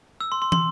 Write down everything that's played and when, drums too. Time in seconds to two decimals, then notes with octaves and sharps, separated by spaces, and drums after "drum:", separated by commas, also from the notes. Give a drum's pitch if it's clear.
0.20 E6
0.32 C6
0.42 C6
0.52 C6, drum: tom